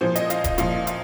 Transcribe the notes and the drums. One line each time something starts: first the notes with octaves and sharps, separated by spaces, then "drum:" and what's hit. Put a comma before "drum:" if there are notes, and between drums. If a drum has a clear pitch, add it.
A#2 F3 C5
D#5, drum: hi-hat
F5, drum: hi-hat
D#5, drum: kick D#1, hi-hat
A#2 F3 F5, drum: hi-hat
F5, drum: hi-hat